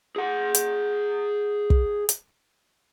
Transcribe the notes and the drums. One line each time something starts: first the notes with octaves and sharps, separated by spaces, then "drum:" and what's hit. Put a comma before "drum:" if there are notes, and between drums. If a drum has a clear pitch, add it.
G#4 F#5
drum: hi-hat
drum: kick
drum: hi-hat